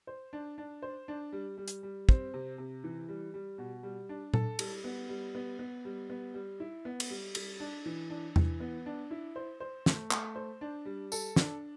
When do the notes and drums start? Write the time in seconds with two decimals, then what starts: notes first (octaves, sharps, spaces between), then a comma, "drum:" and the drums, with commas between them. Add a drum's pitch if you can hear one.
0.07 C5
0.33 D4
0.58 D4
0.82 C5
1.08 D4
1.32 G3
1.58 G3
1.68 drum: hi-hat
1.83 G3
2.09 C4, drum: kick
2.34 C3
2.58 C3
2.84 E3
3.09 G3
3.34 G3
3.58 B2
3.83 G3
4.09 D4
4.34 A4, drum: tom A#2
4.59 G3, drum: cymbal
4.84 B3
5.09 G3
5.35 B3
5.59 B3
5.85 G3
6.10 B3
6.34 G3
6.60 E4
6.85 B3
7.00 drum: cymbal
7.10 G3
7.35 G3, drum: cymbal
7.60 D4
7.86 E3
8.10 D4
8.36 E3, drum: tom E2
8.60 B3
8.86 D4
9.11 E4
9.36 C5
9.60 C5
9.86 A3, drum: snare
10.11 A3, drum: clap
10.36 C5
10.61 D4
10.86 G3
11.12 A4, drum: tambourine
11.36 D4, drum: snare